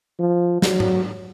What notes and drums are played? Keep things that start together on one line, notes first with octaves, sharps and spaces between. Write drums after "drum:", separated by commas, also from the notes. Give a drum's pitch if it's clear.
F3
F#3, drum: snare
drum: tom G#2